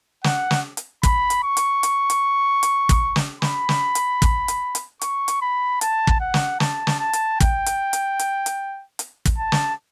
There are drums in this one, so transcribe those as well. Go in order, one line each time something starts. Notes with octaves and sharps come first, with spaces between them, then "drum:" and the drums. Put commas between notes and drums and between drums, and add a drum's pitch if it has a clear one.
F#5, drum: snare
drum: snare
drum: hi-hat
B5, drum: kick, hi-hat
drum: hi-hat
C#6
drum: hi-hat
drum: hi-hat
drum: hi-hat
drum: hi-hat
drum: kick, hi-hat
drum: snare
B5, drum: snare
drum: snare
drum: hi-hat
drum: kick, hi-hat
drum: hi-hat
drum: hi-hat
C#6, drum: hi-hat
drum: hi-hat
B5
A5, drum: hi-hat
drum: kick
F#5
drum: snare
A5, drum: snare
drum: snare
A5
drum: hi-hat
G5, drum: kick, hi-hat
drum: hi-hat
drum: hi-hat
drum: hi-hat
drum: hi-hat
drum: hi-hat
drum: kick, hi-hat
A5
drum: snare